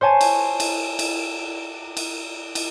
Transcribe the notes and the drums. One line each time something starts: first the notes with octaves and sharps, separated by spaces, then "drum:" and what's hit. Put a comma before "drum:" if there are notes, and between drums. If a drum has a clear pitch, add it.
C5 C#5 G#5 A5
drum: cymbal
drum: cymbal
drum: cymbal
drum: cymbal
drum: cymbal